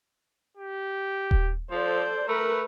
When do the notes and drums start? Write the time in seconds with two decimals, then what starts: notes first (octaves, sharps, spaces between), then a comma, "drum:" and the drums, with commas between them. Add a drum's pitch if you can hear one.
0.57 G4
1.31 drum: kick D#1
1.71 F3 A4 C5 D5
2.28 A3 A#4 B4 B5